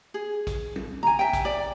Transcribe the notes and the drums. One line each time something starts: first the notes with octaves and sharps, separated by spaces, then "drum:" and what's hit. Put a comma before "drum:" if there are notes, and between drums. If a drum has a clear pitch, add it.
G#4
drum: kick A1, hi-hat
drum: tom
G#5 A#5, drum: tom
E5 G5
drum: kick A1, hi-hat
D5